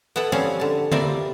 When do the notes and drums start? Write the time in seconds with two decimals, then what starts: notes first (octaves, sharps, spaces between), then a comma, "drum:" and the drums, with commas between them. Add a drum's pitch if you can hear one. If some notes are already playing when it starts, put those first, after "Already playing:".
0.16 B3 E4 A4 F#5
0.32 F3 G3 C4 C#4 C#5 F5
0.60 D3 A5
0.92 C3 G3 F4 A#4 D5 E5, drum: tom D3